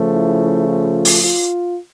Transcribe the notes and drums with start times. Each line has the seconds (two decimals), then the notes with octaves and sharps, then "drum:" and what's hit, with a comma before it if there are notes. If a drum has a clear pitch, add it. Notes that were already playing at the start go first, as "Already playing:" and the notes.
Already playing: C#3 F3 A3
0.14 E4
0.67 F4
1.05 drum: open hi-hat
1.23 F4